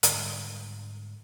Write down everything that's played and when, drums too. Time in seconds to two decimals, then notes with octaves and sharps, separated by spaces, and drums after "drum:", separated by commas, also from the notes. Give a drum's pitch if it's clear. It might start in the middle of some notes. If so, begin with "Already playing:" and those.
0.03 G#2 D3 G3, drum: hi-hat